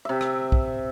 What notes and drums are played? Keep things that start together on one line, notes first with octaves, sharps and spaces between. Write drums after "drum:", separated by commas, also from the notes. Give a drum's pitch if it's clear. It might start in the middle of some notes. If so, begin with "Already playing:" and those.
C3 E5
drum: rim click
drum: kick B1